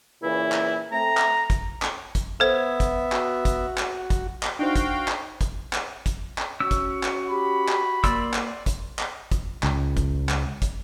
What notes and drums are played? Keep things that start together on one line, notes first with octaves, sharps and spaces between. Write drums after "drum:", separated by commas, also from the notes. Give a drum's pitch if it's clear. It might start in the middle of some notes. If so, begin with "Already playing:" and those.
A#2 C#3 E3 E4
drum: clap
A3 C4 A#5
drum: clap
drum: kick, hi-hat
drum: clap
drum: kick, hi-hat
B3 A4 C5 E5
drum: kick, hi-hat
F#4, drum: clap
drum: kick, hi-hat
drum: clap
drum: kick, hi-hat
drum: clap
D4 D#4 F#4 C5 F5 G5
drum: kick, hi-hat
drum: clap
drum: kick, hi-hat
drum: clap
drum: kick, hi-hat
drum: clap
C#4 F#4 E6
drum: kick, hi-hat
drum: clap
G4 B5
drum: clap
A#3 D5 C6 E6, drum: kick, hi-hat
drum: clap
drum: kick, hi-hat
drum: clap
drum: kick, hi-hat
C#2, drum: clap
drum: kick, hi-hat
drum: clap
drum: kick, hi-hat